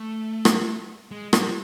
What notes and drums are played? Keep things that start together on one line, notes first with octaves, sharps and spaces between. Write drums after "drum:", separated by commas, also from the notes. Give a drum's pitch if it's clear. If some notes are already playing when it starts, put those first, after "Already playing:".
Already playing: A3
drum: rim click
G#3
G3, drum: rim click